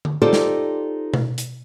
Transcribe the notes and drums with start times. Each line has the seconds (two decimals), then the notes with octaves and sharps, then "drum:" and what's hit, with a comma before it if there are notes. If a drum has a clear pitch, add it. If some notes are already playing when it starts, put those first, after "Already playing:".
0.05 drum: tom D3
0.22 D#4 F4 G4 A4 C5 D5
0.33 drum: snare
1.14 drum: tom B2
1.38 drum: hi-hat